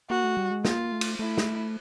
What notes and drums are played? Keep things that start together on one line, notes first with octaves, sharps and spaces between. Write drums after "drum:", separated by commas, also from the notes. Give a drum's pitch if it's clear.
A#3 F#4
A3
G3
G#3
A#3 F4, drum: snare
A3
drum: cymbal
A3 E4
drum: snare